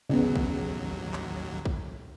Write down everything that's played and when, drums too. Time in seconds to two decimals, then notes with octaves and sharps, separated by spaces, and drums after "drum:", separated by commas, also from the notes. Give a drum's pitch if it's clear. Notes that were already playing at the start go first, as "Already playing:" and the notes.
0.10 A1 D#2 C#3 F#3 B3
0.36 drum: kick
1.13 drum: clap
1.65 drum: kick